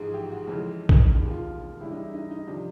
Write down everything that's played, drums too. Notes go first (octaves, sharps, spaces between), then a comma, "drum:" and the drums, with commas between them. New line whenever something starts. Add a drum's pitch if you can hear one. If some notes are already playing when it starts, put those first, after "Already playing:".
Already playing: A1 G#2 F3 G#3 G#4
G4
F#4
F2 C#3 E3 G#3
drum: kick
E1 D#2 D#3
F4
C#2 C#3 E3 G3 E4
D#4
E4
D#4
D#4
C3 F3 D4